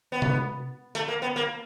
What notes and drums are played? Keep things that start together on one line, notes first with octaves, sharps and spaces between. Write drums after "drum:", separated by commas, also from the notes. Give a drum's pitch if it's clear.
B3
drum: tom
A3, drum: hi-hat
A#3
B3
A#3